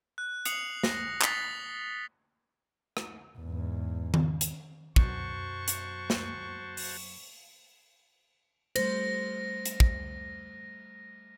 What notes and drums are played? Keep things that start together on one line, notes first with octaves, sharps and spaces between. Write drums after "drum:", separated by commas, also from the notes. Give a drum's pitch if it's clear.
F#6
D#6 C7 C#7 F7 F#7, drum: hi-hat
A#6, drum: snare
D#6 A6 B6 C7 F7 G7, drum: clap
drum: rim click
E2 G#2
drum: tom D#3
drum: hi-hat
F#2 B2 F#4 C5 A5 C#6, drum: kick
drum: hi-hat
drum: snare
drum: open hi-hat
G3 A3 C5 A#6, drum: cymbal
drum: hi-hat
drum: kick